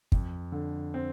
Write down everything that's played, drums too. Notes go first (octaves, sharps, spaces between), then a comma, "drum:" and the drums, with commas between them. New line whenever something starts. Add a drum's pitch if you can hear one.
F2, drum: kick
D3
C4